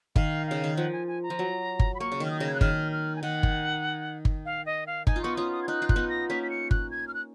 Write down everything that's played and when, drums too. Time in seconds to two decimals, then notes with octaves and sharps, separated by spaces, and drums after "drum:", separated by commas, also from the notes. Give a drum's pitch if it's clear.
0.16 D#3 F5, drum: kick G1
0.47 C#3 F5
0.64 D#3
0.77 F3 F#5
0.92 G#5
1.08 G#5
1.23 A#5
1.30 F3
1.39 F#3
1.79 drum: kick G1
1.95 B5
2.00 A#3 C#6
2.12 C#3
2.20 D#3
2.26 F6
2.31 D#6
2.40 C#3 A#6
2.47 G#6
2.54 F#6
2.61 D#3 F6, drum: kick G1
2.92 F6
3.16 G#5
3.22 D#3 F#5
3.43 drum: kick G1
4.25 drum: kick G1
4.46 F5
4.66 D#5
4.87 F5
5.07 D#4 G#5, drum: kick G1
5.16 F4
5.23 B3 D#4 C#6
5.37 C#4 F4 D#6
5.52 D#6
5.63 G#6
5.68 D#4 F#6
5.82 F4
5.89 F#6, drum: kick G1
5.96 B3 D#4
6.09 A#6
6.30 A#3 C#4 B6
6.43 B6
6.50 C#7
6.71 F#6, drum: kick G1
6.91 G#6
7.08 F6
7.14 F#6